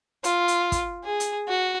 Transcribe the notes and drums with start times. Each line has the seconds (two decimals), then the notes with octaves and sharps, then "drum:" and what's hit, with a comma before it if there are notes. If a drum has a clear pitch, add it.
0.24 F4, drum: hi-hat
0.48 drum: hi-hat
0.72 drum: kick, hi-hat
1.04 G#4
1.20 drum: hi-hat
1.48 F#4